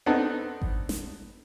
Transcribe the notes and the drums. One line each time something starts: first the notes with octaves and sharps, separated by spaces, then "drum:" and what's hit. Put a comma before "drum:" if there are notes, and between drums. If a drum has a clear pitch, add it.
B3 C4 D4 D#4 A4 B4
drum: kick G#1
drum: snare